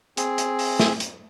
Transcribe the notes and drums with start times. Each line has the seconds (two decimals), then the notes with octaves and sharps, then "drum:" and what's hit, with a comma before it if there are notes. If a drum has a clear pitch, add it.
0.17 C4 G#4, drum: hi-hat
0.38 drum: hi-hat
0.59 drum: open hi-hat
0.80 drum: snare
1.00 drum: hi-hat